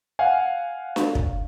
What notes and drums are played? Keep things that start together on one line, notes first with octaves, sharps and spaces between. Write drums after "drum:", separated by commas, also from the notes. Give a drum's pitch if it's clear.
F5 F#5 G#5
drum: snare D4
drum: kick